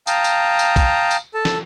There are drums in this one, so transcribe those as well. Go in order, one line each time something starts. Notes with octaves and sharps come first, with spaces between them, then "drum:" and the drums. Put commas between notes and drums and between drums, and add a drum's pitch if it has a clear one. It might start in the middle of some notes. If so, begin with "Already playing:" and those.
F5 G5 A5 A#5 D#6, drum: tambourine
drum: tambourine
drum: tambourine
drum: kick B1, tambourine
drum: tambourine
A4 A5
drum: snare